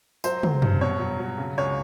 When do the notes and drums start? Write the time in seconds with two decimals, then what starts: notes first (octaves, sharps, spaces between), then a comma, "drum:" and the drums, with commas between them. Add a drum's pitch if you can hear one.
0.24 F#3 C5, drum: tambourine
0.43 F#3, drum: tom
0.62 G2, drum: tom
0.81 B2 C#5
0.99 F#3
1.19 F#3
1.38 C#3
1.58 C#2 C#5